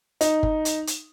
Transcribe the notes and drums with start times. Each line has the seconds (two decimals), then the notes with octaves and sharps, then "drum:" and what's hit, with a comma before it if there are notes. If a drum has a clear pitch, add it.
0.21 D#4, drum: hi-hat
0.43 drum: kick G1
0.65 drum: hi-hat
0.87 drum: hi-hat